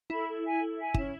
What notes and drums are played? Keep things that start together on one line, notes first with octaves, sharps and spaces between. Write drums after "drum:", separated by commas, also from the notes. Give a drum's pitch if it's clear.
E4 A4 E5 B5
A4
E5 G#5
A4
E5 G#5
C#4 E4, drum: kick